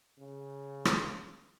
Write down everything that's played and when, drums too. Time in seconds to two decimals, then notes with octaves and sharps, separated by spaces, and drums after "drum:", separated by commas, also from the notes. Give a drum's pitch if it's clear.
0.19 C#3
0.85 drum: rim click